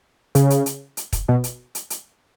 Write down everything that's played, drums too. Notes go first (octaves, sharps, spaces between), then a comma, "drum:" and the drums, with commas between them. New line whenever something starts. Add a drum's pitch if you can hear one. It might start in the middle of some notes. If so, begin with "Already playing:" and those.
C#3, drum: hi-hat
drum: hi-hat
drum: hi-hat
drum: hi-hat
drum: kick, hi-hat
B2
drum: hi-hat
drum: hi-hat
drum: hi-hat